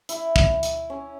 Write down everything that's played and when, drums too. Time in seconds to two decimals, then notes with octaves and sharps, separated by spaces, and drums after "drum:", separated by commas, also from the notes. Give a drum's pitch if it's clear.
0.09 E4, drum: hi-hat
0.36 drum: kick
0.63 drum: hi-hat
0.90 C#4